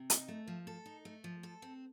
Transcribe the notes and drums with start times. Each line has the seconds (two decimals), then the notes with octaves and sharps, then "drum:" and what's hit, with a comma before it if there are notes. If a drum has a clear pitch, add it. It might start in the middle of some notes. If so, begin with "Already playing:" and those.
Already playing: C3
0.10 D#4, drum: hi-hat
0.28 A3
0.48 F3
0.67 A4
0.86 D#4
1.05 A3
1.24 F3
1.43 A4
1.62 C4